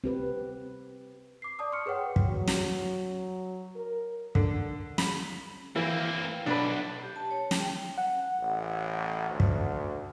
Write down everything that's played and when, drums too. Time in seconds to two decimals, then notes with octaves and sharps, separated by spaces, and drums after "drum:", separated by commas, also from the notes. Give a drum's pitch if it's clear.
0.04 C4 G4 B4
1.42 D6 C7
1.59 D5 A5 D#6
1.72 C6 C#6 F6 C#7
1.86 G#4 B4 C#5 F#5 G5
2.16 drum: kick
2.26 F#3
2.47 drum: snare
3.76 A#4
4.35 D3, drum: kick
4.98 B5, drum: snare
5.76 E3 A#3 C4
6.46 B1 D4 B4
7.03 G4
7.16 A5
7.31 C#5
7.51 G5, drum: snare
7.98 F#5
8.40 A1
9.30 D2
9.40 drum: kick